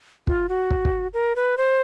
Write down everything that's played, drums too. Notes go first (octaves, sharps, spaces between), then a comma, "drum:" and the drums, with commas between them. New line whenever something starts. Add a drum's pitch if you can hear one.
F4, drum: kick
F#4
drum: kick
drum: kick
A#4
B4
C5